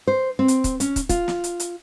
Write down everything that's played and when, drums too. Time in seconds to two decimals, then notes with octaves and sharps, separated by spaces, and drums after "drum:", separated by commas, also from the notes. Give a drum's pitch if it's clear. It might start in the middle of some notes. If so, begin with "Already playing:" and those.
0.07 C5
0.39 C4
0.48 drum: hi-hat
0.64 drum: kick, hi-hat
0.80 C#4, drum: hi-hat
0.96 drum: kick, hi-hat
1.09 F4, drum: kick, hi-hat
1.28 drum: snare
1.44 drum: hi-hat
1.60 drum: hi-hat